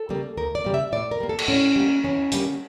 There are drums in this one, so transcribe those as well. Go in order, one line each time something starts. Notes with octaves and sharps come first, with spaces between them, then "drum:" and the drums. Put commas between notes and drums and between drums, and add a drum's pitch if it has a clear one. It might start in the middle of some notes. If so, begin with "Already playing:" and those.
Already playing: A4
C#3 G3 A#3
D2 A#4
D5
C#3 G3 A#3
E5
A2 D5
A#4
G3 A#3
A4
drum: cymbal
A2 C#4
G3 A#3
E2 C#4
D3 G3 A#3, drum: hi-hat